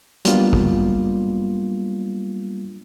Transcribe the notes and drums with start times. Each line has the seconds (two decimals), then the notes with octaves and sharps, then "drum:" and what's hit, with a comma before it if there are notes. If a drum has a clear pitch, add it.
0.25 F#3 G3 A#3 B3 D4 F4, drum: hi-hat
0.53 drum: kick